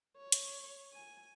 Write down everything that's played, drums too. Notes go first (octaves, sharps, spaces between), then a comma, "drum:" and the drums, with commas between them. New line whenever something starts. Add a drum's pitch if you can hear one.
C#5
drum: hi-hat
G#5